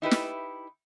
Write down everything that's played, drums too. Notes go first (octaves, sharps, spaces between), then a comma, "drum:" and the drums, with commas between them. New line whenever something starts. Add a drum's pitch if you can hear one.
D#4 E4 G4 B4
drum: snare